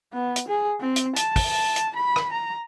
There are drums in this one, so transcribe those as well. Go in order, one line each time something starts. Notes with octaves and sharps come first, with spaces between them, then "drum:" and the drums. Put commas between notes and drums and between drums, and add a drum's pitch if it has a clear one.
B3
drum: hi-hat
G#4
C4
drum: hi-hat
A5, drum: hi-hat
drum: kick, open hi-hat
A5
drum: hi-hat
B5
drum: rim click
A#5